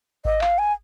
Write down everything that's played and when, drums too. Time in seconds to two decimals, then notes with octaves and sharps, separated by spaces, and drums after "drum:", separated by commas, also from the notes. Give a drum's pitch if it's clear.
0.25 D#5, drum: kick G#1
0.41 F5, drum: clap
0.58 G#5